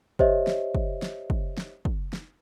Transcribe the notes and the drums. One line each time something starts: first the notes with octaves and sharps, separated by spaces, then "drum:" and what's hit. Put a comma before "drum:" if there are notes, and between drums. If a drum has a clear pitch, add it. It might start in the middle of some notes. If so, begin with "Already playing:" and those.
G4 C5 C#5 D#5 E5, drum: kick
drum: snare
drum: kick
drum: snare
drum: kick
drum: snare
drum: kick
drum: snare